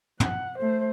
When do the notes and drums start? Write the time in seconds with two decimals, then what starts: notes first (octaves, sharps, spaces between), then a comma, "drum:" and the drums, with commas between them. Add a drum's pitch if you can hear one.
0.20 F#5, drum: tom
0.59 A3 C5